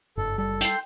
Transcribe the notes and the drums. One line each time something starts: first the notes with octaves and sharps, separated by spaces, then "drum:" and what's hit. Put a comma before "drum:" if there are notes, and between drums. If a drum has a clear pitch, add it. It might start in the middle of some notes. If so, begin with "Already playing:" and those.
F#1 G2 A4
G3 A4
G5 C6, drum: hi-hat